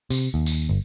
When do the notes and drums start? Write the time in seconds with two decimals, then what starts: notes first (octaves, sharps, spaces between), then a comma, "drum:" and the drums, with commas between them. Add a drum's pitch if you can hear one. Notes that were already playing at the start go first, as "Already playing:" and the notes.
0.10 C3, drum: tambourine
0.34 D#2
0.46 drum: tambourine
0.69 G1